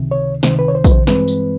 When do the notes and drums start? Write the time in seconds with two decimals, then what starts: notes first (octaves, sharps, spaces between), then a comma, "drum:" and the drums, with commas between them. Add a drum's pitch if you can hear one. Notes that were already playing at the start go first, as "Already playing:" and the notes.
Already playing: C#2 C3 D#3
0.11 C#5
0.43 C#2 C3 D#3 C5, drum: snare
0.59 B4
0.68 C#5
0.75 C5
0.84 B4, drum: kick A#1, tambourine
0.91 C5
1.07 G2 E3 G#3 C4 B4, drum: snare
1.28 drum: tambourine